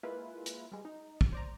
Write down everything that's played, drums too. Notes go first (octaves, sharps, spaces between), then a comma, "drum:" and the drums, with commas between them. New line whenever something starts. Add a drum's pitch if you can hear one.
G#3 A#3 E4 F4 B4
drum: hi-hat
G3 G#3
D#4
drum: kick
C5 D5 A#5